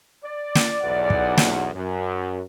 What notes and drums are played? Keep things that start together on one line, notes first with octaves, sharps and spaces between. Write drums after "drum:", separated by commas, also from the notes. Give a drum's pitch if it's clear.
D5
drum: snare
B1 E2 F#5
drum: kick
drum: snare
F#2